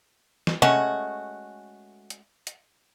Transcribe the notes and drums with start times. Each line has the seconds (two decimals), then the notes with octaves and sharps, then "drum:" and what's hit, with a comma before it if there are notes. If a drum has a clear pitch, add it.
0.47 drum: snare
0.62 G#3 A3 C#4 F#4, drum: tom C3
2.10 drum: hi-hat
2.47 drum: hi-hat